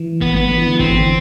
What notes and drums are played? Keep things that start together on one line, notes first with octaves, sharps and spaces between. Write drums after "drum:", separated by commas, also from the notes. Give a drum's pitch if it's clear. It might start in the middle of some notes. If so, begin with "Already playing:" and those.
Already playing: E3
B3, drum: kick G#1
B3
D3
E3
D3
E3
D3 C4, drum: kick G#1
E3
D3